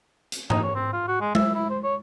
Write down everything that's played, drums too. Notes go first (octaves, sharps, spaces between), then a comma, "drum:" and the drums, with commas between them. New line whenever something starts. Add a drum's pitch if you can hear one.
drum: hi-hat
D#4, drum: tom G#2
C#5
C4
F4
F#4
G#3
E5, drum: tom G#3
E4
C5
C#5